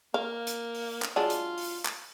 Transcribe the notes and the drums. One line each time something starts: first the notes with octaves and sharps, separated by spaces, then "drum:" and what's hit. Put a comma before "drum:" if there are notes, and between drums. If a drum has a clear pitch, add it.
A#3 F5
drum: hi-hat
drum: open hi-hat
drum: clap
F#3 G#3 D4 F4
drum: hi-hat
drum: open hi-hat
drum: clap